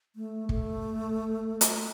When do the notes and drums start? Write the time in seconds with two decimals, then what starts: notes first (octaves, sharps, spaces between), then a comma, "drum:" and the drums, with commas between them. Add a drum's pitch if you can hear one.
0.16 A3
0.49 A3, drum: kick
1.61 drum: hi-hat